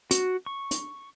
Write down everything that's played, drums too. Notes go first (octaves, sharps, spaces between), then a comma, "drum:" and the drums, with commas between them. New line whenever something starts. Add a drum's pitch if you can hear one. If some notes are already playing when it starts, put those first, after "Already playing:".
F#4, drum: hi-hat
C#6
drum: hi-hat